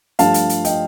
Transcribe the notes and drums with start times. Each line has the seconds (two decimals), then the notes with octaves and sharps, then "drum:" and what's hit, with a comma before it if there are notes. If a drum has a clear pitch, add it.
0.19 G2 F3 A3 F5 A5, drum: hi-hat
0.34 drum: hi-hat
0.49 drum: hi-hat
0.65 D#5 G5, drum: hi-hat